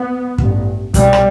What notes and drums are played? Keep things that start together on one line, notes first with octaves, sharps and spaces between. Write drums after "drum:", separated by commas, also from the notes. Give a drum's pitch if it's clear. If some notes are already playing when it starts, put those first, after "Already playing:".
Already playing: B3
A1 G2, drum: kick
C2 B2 G3, drum: kick, hi-hat
drum: rim click